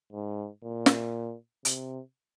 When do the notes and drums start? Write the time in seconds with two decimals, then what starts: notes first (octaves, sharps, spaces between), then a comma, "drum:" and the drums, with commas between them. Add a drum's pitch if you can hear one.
0.13 G#2
0.63 A#2
0.86 drum: snare
1.65 C3, drum: hi-hat